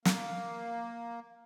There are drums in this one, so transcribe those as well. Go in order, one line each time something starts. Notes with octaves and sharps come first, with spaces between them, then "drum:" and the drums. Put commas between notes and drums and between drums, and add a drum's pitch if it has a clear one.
A#3, drum: snare